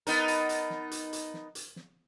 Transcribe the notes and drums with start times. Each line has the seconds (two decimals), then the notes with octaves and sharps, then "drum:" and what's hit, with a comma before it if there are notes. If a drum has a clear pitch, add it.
0.07 B3 D#4 A#4, drum: hi-hat
0.28 drum: hi-hat
0.49 drum: hi-hat
0.70 drum: snare
0.91 drum: hi-hat
1.13 drum: hi-hat
1.34 drum: snare
1.55 drum: hi-hat
1.76 drum: snare